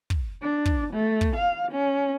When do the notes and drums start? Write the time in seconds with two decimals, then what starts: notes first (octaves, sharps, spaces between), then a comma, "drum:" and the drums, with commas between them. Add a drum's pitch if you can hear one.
0.10 drum: kick
0.42 D4
0.65 drum: kick
0.93 A3
1.21 drum: kick
1.36 F5
1.71 C#4